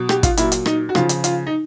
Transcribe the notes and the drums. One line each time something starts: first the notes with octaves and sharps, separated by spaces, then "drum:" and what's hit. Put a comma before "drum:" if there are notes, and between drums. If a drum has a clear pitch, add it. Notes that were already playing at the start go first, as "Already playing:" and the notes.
Already playing: B2 F#3
G4, drum: rim click
F4, drum: kick, hi-hat
A#2 F#3 E4, drum: hi-hat
drum: hi-hat
D#4, drum: rim click
F#4
C#3 F3 F4, drum: rim click
drum: hi-hat
F4, drum: hi-hat
D#4